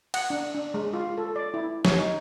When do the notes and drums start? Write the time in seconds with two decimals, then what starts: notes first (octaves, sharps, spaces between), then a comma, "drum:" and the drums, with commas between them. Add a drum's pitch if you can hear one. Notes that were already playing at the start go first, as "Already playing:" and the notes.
0.14 F#5, drum: cymbal
0.30 D4
0.55 D4
0.74 G#3
0.93 F4
1.18 A4
1.36 D5
1.54 E4
1.85 C#5, drum: snare
1.99 D#4